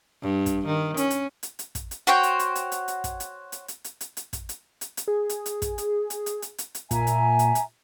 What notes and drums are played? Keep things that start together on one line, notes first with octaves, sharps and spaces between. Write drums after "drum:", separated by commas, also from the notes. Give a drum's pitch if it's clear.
G2
drum: kick, hi-hat
D#3
C#4, drum: hi-hat
drum: hi-hat
drum: hi-hat
drum: hi-hat
drum: kick, hi-hat
drum: hi-hat
F#4 C5 C#5 G5
drum: hi-hat
drum: hi-hat
drum: hi-hat
drum: hi-hat
drum: hi-hat
drum: kick, hi-hat
drum: hi-hat
drum: hi-hat
drum: hi-hat
drum: hi-hat
drum: hi-hat
drum: hi-hat
drum: kick, hi-hat
drum: hi-hat
drum: hi-hat
drum: hi-hat
G#4
drum: hi-hat
drum: hi-hat
drum: kick, hi-hat
drum: hi-hat
drum: hi-hat
drum: hi-hat
drum: hi-hat
drum: hi-hat
drum: hi-hat
A#2 E5 G#5 A#5, drum: kick, hi-hat
drum: hi-hat
drum: hi-hat
drum: hi-hat